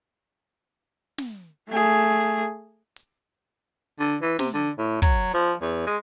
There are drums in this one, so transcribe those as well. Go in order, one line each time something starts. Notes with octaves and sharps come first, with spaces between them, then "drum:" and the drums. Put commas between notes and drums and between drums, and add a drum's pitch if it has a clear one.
drum: snare
A3 G#4
drum: hi-hat
D3
E3
C3, drum: snare
D3
A2
F#3, drum: kick
F3
E2
G#3